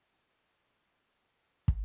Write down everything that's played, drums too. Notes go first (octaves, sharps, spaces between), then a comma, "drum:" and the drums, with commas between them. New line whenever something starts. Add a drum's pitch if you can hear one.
D2 G3 E4 F#4 E5
G#2 D#3 F3 C#4 B4
drum: kick